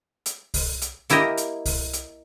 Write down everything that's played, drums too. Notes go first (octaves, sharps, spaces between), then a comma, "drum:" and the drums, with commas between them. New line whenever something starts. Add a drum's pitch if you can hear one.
drum: hi-hat
drum: kick C2, open hi-hat
drum: hi-hat
A#3 E4 G4 A#4 D#5, drum: hi-hat
drum: hi-hat
drum: kick C2, open hi-hat
drum: hi-hat